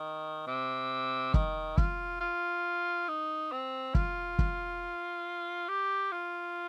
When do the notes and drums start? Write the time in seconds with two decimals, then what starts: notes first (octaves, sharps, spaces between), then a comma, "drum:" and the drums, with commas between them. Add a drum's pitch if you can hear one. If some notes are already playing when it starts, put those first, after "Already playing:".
Already playing: D#3
0.47 C3
1.34 D#3, drum: kick
1.78 F4, drum: kick
2.21 F4
3.08 D#4
3.52 C4
3.95 F4, drum: kick
4.39 drum: kick
5.68 G4
6.12 F4